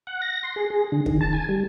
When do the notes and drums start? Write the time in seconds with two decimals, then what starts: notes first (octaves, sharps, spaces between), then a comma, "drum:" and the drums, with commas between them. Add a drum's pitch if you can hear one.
0.07 F#5
0.22 A#6
0.43 C6
0.56 G#4
0.70 G#4
0.92 D3
1.06 D#3, drum: kick
1.21 A5
1.33 G#5
1.49 G3